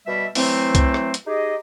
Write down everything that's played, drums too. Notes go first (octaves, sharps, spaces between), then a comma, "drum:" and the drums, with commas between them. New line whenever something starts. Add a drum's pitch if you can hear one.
B2 G3 E5
E3 F#3 A3 C4, drum: open hi-hat
drum: kick C2, hi-hat
drum: rim click
drum: hi-hat
D#4 G4 G#4 D#5